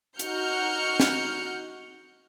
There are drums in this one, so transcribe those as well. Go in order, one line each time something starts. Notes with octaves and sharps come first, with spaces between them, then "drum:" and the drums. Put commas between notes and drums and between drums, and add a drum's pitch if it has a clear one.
D#4 F#4 F#5 F6 G6 C#7, drum: hi-hat
drum: snare